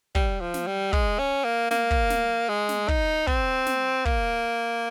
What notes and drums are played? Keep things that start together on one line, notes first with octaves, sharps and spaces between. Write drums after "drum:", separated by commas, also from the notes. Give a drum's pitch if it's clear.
G3, drum: kick
F3
drum: snare
G3
G#3, drum: kick
C#4
A#3
A#3, drum: snare
drum: kick
drum: snare
G#3
drum: snare
D#4, drum: kick
C4, drum: kick
drum: snare
A#3, drum: kick